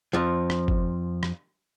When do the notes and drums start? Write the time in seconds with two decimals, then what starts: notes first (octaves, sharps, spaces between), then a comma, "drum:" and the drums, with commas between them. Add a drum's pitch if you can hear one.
0.13 F2 F3
0.50 drum: rim click
0.68 drum: kick G1
1.23 drum: rim click